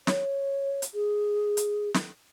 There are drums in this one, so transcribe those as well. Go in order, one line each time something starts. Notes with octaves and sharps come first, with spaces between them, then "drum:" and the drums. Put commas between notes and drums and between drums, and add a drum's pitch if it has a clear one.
C#5, drum: snare
drum: hi-hat
G#4
drum: hi-hat
drum: snare